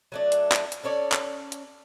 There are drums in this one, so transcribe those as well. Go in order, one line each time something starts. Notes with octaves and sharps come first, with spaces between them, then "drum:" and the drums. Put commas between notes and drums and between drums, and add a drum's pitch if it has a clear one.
F#3 A3 D4
drum: hi-hat
drum: clap
drum: hi-hat
C#4 A4 C#5 D5
drum: clap
drum: hi-hat